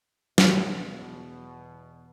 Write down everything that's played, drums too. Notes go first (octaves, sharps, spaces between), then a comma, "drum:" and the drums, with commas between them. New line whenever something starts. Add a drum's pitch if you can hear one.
E2 B2, drum: snare